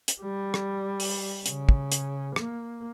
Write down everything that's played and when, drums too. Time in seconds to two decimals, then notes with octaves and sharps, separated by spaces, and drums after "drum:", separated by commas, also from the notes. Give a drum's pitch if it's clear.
0.08 drum: hi-hat
0.21 G3
0.54 drum: rim click
1.00 drum: open hi-hat
1.46 C#3, drum: hi-hat
1.69 drum: kick
1.92 drum: hi-hat
2.36 A#3, drum: rim click